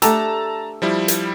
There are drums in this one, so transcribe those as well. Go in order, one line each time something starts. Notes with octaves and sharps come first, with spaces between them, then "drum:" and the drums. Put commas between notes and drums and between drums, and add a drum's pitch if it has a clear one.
A3 D4 G4 A5 A#5 E6, drum: hi-hat
F3 G3 E4
drum: hi-hat